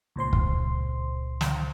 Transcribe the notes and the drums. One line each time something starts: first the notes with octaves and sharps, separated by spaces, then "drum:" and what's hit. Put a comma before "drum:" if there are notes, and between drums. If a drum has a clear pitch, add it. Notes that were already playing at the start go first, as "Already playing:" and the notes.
C#2 A#2 C5 C6
drum: kick
drum: snare